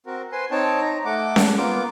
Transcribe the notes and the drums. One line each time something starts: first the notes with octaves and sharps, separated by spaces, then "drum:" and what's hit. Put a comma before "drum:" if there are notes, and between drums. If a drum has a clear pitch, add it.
C4 F#4 A#4
B4 C5 G#5 C6
C4 D#4 C#5 G5 A5
D#4 A#5
A3 F#5 D6
drum: snare C#4
A#3 B3 F4 D6